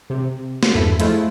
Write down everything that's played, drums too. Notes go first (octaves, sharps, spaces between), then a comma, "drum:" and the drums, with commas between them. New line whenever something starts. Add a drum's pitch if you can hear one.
C3
drum: snare
E2 G2 E4 A4 B5
F3 G#3 A3 E4 F4, drum: hi-hat